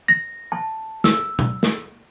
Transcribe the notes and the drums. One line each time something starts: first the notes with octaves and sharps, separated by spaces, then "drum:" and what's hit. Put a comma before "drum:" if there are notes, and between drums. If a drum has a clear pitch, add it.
A#6
A5
E6, drum: snare
drum: tom
drum: snare